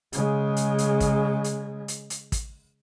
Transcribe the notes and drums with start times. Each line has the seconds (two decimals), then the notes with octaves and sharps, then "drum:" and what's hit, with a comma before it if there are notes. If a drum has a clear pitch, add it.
0.13 C#3 G#3, drum: hi-hat
0.56 drum: hi-hat
0.78 drum: hi-hat
1.00 drum: kick, hi-hat
1.44 drum: hi-hat
1.88 drum: hi-hat
2.10 drum: hi-hat
2.32 drum: kick, hi-hat